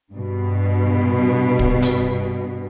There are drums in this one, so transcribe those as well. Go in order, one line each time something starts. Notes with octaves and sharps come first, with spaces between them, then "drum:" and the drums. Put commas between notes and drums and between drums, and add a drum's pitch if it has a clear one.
G2 B2
drum: kick
drum: hi-hat